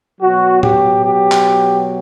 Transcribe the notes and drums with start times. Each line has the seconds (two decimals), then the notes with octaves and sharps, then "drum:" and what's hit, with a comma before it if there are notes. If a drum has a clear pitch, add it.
0.20 B2 F#3 F#4
0.63 G4, drum: tom A2
1.06 G4
1.32 drum: clap